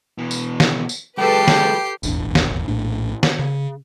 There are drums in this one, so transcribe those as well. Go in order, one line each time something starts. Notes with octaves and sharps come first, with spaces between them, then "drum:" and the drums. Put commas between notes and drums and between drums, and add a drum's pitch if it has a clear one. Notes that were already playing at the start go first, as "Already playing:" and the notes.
B2 E3
drum: tambourine
drum: snare
drum: tambourine
F#3 G#3 G4 A4 B4 G5 C7
drum: snare
D#1 G#1 E2 D4, drum: tambourine
drum: snare
A#1 A2 D4
drum: snare
C#3